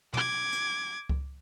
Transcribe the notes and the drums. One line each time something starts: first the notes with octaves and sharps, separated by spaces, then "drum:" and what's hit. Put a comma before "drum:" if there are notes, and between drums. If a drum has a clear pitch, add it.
D6 G#6, drum: tom
drum: hi-hat
drum: kick C#2